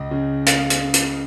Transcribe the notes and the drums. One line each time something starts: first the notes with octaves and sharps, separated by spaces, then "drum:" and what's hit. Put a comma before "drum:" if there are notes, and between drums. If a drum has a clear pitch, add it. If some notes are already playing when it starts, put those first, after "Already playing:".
Already playing: C#2 D#5
C#3
F5, drum: hi-hat
drum: hi-hat
drum: hi-hat